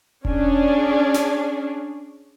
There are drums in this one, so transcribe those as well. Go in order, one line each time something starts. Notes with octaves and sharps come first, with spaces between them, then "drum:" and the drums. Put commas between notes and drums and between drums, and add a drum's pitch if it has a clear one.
C#4 D4 G#4, drum: kick E1
drum: snare